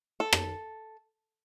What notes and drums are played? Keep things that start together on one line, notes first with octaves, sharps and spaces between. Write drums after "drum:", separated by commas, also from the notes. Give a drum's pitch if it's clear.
A4
drum: rim click